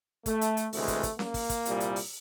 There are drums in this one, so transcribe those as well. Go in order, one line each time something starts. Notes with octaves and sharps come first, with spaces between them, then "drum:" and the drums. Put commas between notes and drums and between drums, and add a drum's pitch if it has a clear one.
A3, drum: kick, hi-hat
drum: hi-hat
drum: hi-hat
D2 C3 E3 G#3 A3, drum: open hi-hat
drum: kick, hi-hat
drum: kick, hi-hat
A#3, drum: snare C#4
drum: kick, open hi-hat
drum: kick, hi-hat
C2 A#2 G3, drum: hi-hat
drum: hi-hat
drum: open hi-hat